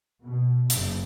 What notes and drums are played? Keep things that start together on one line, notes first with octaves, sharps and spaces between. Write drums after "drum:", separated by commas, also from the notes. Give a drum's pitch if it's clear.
B2
F#1, drum: hi-hat